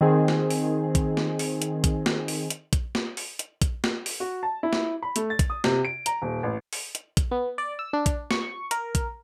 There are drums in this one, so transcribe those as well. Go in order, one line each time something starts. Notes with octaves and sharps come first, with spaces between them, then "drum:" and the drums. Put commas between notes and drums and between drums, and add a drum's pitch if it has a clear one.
D#3 C4 G#4
drum: snare
drum: open hi-hat
drum: kick A#1, hi-hat
drum: snare
drum: open hi-hat
drum: hi-hat
drum: kick A#1, hi-hat
drum: snare
drum: open hi-hat
drum: hi-hat
drum: kick A#1, hi-hat
drum: snare
drum: open hi-hat
drum: hi-hat
drum: kick A#1, hi-hat
drum: snare
drum: open hi-hat
F#4
A5
E4
drum: snare
B5
A3, drum: hi-hat
A6
drum: kick A#1, hi-hat
D#6
C3, drum: snare
D7
A#5, drum: hi-hat
D#1
A1
drum: open hi-hat
drum: hi-hat
drum: kick A#1, hi-hat
B3
D5
E6
D4
drum: kick A#1, hi-hat
C#6, drum: snare
A#4, drum: hi-hat
drum: kick A#1, hi-hat